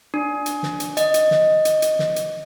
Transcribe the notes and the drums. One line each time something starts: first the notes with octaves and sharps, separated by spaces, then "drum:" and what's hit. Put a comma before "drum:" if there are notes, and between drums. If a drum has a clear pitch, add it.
D4
drum: hi-hat
drum: snare
drum: hi-hat
D#5, drum: hi-hat
drum: hi-hat
drum: snare
drum: hi-hat
drum: hi-hat
drum: snare
drum: hi-hat